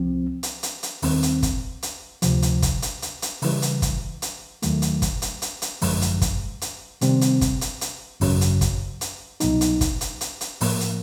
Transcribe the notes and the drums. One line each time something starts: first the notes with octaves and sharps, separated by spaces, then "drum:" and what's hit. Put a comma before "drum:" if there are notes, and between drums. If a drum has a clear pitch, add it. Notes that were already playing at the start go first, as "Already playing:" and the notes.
Already playing: C2 F3 C4
drum: hi-hat
drum: hi-hat
drum: hi-hat
D#2 D#3 G3 C4, drum: open hi-hat
drum: hi-hat
drum: kick, hi-hat
drum: hi-hat
D2 C3 F3, drum: hi-hat
drum: hi-hat
drum: kick, hi-hat
drum: hi-hat
drum: hi-hat
drum: hi-hat
C#3 E3 G3, drum: open hi-hat
drum: hi-hat
drum: kick, hi-hat
drum: hi-hat
D#2 D#3 F#3 A3, drum: hi-hat
drum: hi-hat
drum: kick, hi-hat
drum: hi-hat
drum: hi-hat
drum: hi-hat
G#1 F#2 D3 F3 G#3, drum: open hi-hat
drum: hi-hat
drum: kick, hi-hat
drum: hi-hat
C3 D#3 G3 C4, drum: hi-hat
drum: hi-hat
drum: kick, hi-hat
drum: hi-hat
drum: hi-hat
G#1 F#2 C#3 F#3, drum: open hi-hat
drum: hi-hat
drum: kick, hi-hat
drum: hi-hat
C2 B2 F#3 B3 D#4, drum: hi-hat
drum: hi-hat
drum: kick, hi-hat
drum: hi-hat
drum: hi-hat
drum: hi-hat
A2 F3 A#3, drum: open hi-hat
drum: hi-hat